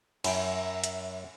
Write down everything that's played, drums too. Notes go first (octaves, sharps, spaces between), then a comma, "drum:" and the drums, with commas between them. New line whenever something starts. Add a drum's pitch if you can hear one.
F#2 E4 G5, drum: cymbal
drum: hi-hat